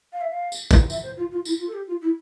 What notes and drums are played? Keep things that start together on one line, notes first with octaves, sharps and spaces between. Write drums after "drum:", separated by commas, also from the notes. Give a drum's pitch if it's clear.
F5
E5
F5
drum: tambourine
drum: kick, tambourine
E5, drum: tambourine
C5
F4
F4
E4, drum: tambourine
F4
A4
G4
F4
E4